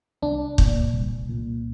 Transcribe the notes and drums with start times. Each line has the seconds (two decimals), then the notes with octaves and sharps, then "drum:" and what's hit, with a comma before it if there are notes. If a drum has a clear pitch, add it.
0.22 C2 D4
0.58 A#2, drum: kick
0.93 C2
1.29 A#2